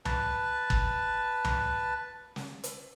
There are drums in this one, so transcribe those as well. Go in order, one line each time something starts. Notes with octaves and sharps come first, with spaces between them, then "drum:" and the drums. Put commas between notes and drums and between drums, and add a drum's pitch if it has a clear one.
B4 A5, drum: tom C#2
drum: kick G1
drum: tom C#2
drum: snare
drum: hi-hat